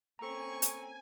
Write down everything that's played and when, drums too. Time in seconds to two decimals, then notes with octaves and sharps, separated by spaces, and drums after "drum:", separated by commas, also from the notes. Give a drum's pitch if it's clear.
0.19 A#3 C4 C#4 A4 G#5 A#5 C#6
0.62 drum: hi-hat